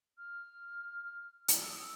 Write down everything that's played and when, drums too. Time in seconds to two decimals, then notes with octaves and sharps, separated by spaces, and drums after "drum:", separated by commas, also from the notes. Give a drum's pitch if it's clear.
0.18 F6
1.48 drum: hi-hat
1.60 E6
1.69 D#6
1.78 E6